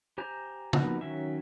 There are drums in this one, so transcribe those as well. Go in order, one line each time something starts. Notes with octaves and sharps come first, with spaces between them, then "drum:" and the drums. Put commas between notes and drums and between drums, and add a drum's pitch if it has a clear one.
G4 C5 G#5 A#5 G6
F3 A#3 B3 D#4 F#4, drum: tom
D#3 F#3 C#4 E5